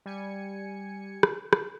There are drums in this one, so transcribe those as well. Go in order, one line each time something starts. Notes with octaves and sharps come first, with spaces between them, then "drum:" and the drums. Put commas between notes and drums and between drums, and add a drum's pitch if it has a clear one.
G3 G#5 C#7
drum: rim click
drum: rim click